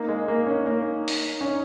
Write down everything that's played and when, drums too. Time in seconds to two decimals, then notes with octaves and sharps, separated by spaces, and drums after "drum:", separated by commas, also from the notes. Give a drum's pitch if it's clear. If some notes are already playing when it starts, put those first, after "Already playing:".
Already playing: A#3 D#4
0.08 G#3
0.28 A#3
0.46 C#4
0.66 A#3
1.08 drum: open hi-hat
1.41 C#4